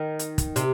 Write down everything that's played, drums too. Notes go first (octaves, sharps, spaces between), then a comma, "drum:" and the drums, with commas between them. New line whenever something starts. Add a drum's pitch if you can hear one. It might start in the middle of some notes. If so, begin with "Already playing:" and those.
Already playing: D#3
drum: hi-hat
drum: kick, hi-hat
C3, drum: hi-hat